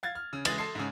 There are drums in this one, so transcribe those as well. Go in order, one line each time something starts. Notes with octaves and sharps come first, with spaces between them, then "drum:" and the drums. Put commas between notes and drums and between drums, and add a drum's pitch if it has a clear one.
F5 G#6 A6
F6
C#3
C#3 E3 G#3 D#6 A6 F#7, drum: cymbal
A4 A5 C6 C7
G#2 C#3